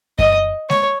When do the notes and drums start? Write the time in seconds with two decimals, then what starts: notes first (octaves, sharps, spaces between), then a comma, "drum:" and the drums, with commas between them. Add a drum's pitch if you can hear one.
0.19 D#5, drum: kick F#2
0.70 C#5, drum: snare G#3